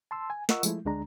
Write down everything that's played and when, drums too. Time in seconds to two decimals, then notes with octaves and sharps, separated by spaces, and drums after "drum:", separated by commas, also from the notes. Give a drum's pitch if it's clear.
0.11 A5 C6 E6
0.30 G#5
0.49 F4 A#4 D#5 F#5 C#6 E6, drum: snare
0.63 F3 G#3 A3 E4, drum: tambourine
0.85 D2 D3 G#3 D4 A#5